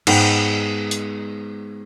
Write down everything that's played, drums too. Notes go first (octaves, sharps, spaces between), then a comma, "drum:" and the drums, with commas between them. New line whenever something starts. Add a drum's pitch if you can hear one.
G#2 B3 B4 G5, drum: cymbal
drum: hi-hat